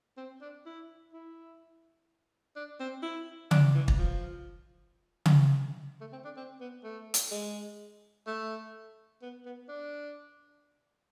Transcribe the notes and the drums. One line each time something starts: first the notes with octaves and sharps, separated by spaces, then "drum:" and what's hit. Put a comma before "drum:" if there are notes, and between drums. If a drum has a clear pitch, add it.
C4
D4
E4
E4
D4
C4
E4
D4, drum: tom C#3
E3
drum: kick
F3
drum: tom C#3
A3
C4
D4
C4
B3
A3
drum: hi-hat
G#3
A3
B3
B3
D4